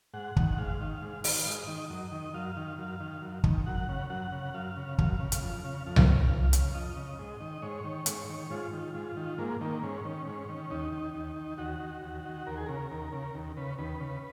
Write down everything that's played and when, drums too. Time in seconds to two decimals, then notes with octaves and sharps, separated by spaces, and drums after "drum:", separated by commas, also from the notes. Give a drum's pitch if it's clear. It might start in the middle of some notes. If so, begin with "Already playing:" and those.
0.14 G#2 F#5
0.37 D#3, drum: kick
0.58 G#2 F5
0.81 D#3
1.02 G#2
1.24 D#3, drum: open hi-hat
1.46 G#2 D#5
1.68 D#3
1.90 F#2
2.12 D#3
2.34 F#2 F5
2.57 D#3
2.78 F#2
3.00 D#3
3.22 F#2
3.44 D#3, drum: kick
3.66 F#2 F#5
3.89 C#3
4.10 F#2 F#5
4.32 C#3
4.54 F#2 F5
4.77 C#3
4.98 F#2 F5, drum: kick
5.20 C#3
5.32 drum: hi-hat
5.42 F2
5.64 C#3
5.86 F2 F5
5.96 drum: tom C2
6.08 C#3
6.30 F2
6.53 C#3, drum: hi-hat
6.74 F2 D#5
6.96 C#3
7.19 G#2
7.40 D#3
7.62 G#2 C#5
7.84 D#3
8.06 G#2, drum: hi-hat
8.29 D#3
8.50 G#2 F4
8.73 D#3
8.94 G#2
9.17 D#3
9.38 G#2 A#3
9.61 D#3 A#3
9.83 G#2 C#4
10.05 D#3
10.27 G#2
10.49 D#3
10.70 D#2 D#4
10.92 D#3
11.15 D#2
11.36 D#3
11.58 D#2 F#4
11.80 D#3
12.02 D#2
12.25 D#3
12.46 D#2 A#4
12.57 G#4
12.66 C#3 A#4
12.91 D#2
13.12 C#3
13.34 D#2
13.57 C#3 B4
13.78 D#2 B4
14.00 C#3